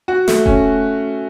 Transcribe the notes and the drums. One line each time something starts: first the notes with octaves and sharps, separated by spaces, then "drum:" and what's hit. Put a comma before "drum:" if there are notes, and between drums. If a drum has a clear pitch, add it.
F#4
A3, drum: snare
C#4, drum: kick E1